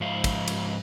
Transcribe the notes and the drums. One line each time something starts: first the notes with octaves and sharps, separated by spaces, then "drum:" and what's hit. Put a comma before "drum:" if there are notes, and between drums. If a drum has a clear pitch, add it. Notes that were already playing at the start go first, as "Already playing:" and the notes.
G#2 F3 F5
drum: kick, cymbal
drum: cymbal